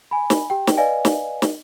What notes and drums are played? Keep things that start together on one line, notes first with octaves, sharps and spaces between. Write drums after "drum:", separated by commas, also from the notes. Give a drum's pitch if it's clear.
G#5 B5
drum: snare
G4 G5
drum: snare
B4 D5 D#5 F5 G#5
drum: snare
drum: snare